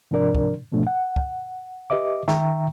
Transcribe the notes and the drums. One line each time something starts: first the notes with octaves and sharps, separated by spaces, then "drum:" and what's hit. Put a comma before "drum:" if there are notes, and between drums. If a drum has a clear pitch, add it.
G#2 C3 F3 D4 A#4 D5
drum: kick
G#2 B2 F3 A3 D4
F#5
drum: kick
G4 B4 D#5 E5 D6
D#3 E5 G5 A#5 C#6, drum: snare